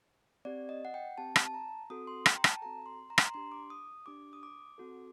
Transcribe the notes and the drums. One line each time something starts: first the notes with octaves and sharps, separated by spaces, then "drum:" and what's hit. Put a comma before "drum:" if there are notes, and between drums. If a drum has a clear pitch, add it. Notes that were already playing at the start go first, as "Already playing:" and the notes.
C4 G4 D5
D#5
F#5
G5
C4 G4 A5
drum: rim click
A5
A#5
C4 F#4 A4 D#6
C6
G5, drum: rim click
A#5
A5, drum: rim click
C4 F#4 A4 A#5
C6
A#5
C6, drum: rim click
A#5
D4 G4 C6
D6
D#6
D4 G4 D6
D#6
D6
C4 F#4 A4